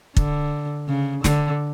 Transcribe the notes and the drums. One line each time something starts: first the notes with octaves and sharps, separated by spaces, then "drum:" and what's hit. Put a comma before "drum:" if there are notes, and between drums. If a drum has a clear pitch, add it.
D3, drum: kick
C#3
D3, drum: snare